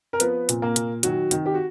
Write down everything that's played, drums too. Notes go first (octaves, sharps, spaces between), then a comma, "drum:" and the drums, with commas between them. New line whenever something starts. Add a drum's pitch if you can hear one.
A#4
F3 B3 B4, drum: hi-hat
A#2, drum: hi-hat
A#3 A#4
A#2, drum: hi-hat
D#3 F#3 F#4, drum: hi-hat
D#3, drum: hi-hat
G4
F#4